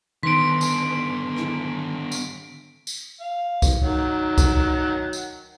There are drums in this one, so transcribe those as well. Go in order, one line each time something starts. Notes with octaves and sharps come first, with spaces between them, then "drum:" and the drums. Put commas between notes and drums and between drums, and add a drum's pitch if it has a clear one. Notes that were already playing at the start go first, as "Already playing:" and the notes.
D3 D#3 B3 C6 B6 D7
drum: tambourine
drum: rim click
drum: tambourine
drum: tambourine
F5
drum: kick C2, tambourine
D#3 F#3
drum: kick C2, tambourine
drum: tambourine